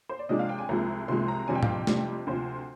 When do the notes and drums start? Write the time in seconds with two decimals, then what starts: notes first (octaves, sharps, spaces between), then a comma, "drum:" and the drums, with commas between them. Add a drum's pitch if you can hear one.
0.09 C5
0.19 D5
0.29 C3 F3 G#3 D4 D#5
0.39 F5
0.49 G5
0.59 G#5
0.69 C2 C3 F3 G#3 A#5
1.08 C2 C3 F3 G#3 C6
1.28 A#5
1.48 F2 C3 G3 D4 G#5
1.55 G5
1.63 F5, drum: tom
1.69 G5
1.87 F2 C3 G3 D4, drum: snare A3
2.27 D2 C3 F3 C5